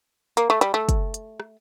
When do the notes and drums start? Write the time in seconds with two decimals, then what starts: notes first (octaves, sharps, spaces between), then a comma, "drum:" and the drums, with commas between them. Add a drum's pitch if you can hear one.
0.37 A#3, drum: hi-hat
0.50 A3
0.61 G3, drum: hi-hat
0.74 A3
0.89 drum: kick, hi-hat
1.14 drum: hi-hat
1.40 drum: rim click